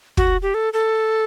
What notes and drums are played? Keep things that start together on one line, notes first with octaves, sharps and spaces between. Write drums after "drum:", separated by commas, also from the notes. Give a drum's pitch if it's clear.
F#4, drum: kick
G4
A4
A4